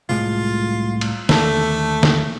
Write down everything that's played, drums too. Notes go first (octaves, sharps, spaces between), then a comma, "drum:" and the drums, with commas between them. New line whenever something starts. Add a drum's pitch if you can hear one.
C2 A2 G#3 F4
drum: cymbal
D#2 D3 A3, drum: snare
drum: snare